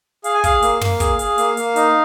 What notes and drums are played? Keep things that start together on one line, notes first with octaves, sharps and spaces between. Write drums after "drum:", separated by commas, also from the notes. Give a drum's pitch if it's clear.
G#4 F5, drum: hi-hat
G#5
G#4 F5, drum: kick, hi-hat
A#3, drum: hi-hat
A#3, drum: tom
G#4, drum: kick, hi-hat
G#4, drum: hi-hat
A#3, drum: hi-hat
A#3, drum: hi-hat
D#4, drum: hi-hat